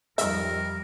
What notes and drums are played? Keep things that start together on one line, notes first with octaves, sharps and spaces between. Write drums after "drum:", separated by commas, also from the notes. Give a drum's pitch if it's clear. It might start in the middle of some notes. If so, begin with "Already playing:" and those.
F2 D#3 F3 G3 A#4 E5, drum: hi-hat